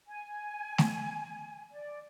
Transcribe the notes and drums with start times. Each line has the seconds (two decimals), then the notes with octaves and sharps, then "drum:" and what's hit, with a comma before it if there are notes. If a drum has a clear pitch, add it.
0.07 G#5
0.78 drum: snare A3
1.72 D5